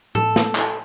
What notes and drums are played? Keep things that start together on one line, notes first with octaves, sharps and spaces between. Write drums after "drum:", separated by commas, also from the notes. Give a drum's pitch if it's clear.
A4, drum: tom A2
drum: snare
drum: clap